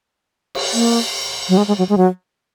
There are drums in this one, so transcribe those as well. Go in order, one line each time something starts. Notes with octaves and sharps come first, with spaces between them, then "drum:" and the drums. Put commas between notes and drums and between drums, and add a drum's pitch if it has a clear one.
drum: cymbal
A#3
F#3
G#3
G#3
F#3
G#3
F#3